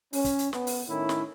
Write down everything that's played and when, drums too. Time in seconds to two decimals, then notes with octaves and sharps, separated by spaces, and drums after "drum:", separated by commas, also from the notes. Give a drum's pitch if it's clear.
0.13 C#4, drum: open hi-hat
0.25 drum: kick, hi-hat
0.39 drum: hi-hat
0.53 B3, drum: snare
0.67 drum: open hi-hat
0.89 A2 D#3 C#4 E4
1.09 drum: snare